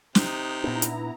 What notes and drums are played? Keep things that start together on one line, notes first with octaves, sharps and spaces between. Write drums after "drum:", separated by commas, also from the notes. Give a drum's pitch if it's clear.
C3 D#4 D#6 F#6, drum: snare
A#2 B3 D4 E4 A#5
drum: hi-hat